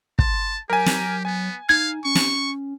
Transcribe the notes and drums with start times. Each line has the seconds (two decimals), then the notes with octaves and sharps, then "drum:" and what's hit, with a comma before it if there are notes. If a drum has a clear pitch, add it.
0.19 A5 C6, drum: kick
0.70 F#3 G4 A#4 G#5
0.86 drum: snare
1.25 B3 G#5
1.69 D#4 F5 G#6
2.05 C#4 C#6
2.15 drum: snare